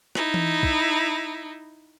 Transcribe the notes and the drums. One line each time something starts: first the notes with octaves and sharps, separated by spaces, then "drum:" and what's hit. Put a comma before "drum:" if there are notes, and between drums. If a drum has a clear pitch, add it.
D#4 E4, drum: rim click
drum: tom E3
drum: kick